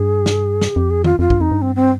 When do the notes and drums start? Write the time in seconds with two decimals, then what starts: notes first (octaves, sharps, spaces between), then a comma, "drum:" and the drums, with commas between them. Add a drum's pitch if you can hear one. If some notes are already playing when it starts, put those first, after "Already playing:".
Already playing: G2 G#4
0.26 drum: snare
0.61 drum: snare
0.76 F2 G4
0.90 G#4
1.04 F4, drum: tom D#3
1.19 F2 F4
1.30 G2, drum: kick
1.41 F2 D#4
1.51 G2
1.62 C4
1.76 C4